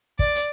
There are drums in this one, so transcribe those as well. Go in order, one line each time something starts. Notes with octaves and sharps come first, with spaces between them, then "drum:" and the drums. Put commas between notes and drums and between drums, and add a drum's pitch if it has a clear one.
D5, drum: kick
drum: hi-hat